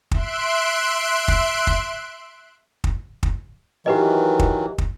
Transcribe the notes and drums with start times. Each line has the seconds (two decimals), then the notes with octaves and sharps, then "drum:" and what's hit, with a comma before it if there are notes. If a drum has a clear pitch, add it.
0.11 E5 C6 F#6 D7, drum: kick
1.28 drum: kick
1.67 drum: kick
2.84 drum: kick
3.23 drum: kick
3.86 D#3 E3 F#3 G4 B4 D#5
4.39 drum: kick
4.78 drum: kick